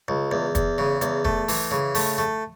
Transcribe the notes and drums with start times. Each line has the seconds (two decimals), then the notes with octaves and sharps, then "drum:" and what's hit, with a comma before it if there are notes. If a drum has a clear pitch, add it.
0.08 C#2
0.31 E2
0.55 E2, drum: kick, hi-hat
0.78 C#3
1.01 E2, drum: hi-hat
1.25 A3, drum: kick
1.49 E3, drum: open hi-hat
1.71 C#3
1.95 A3, drum: open hi-hat
2.18 A3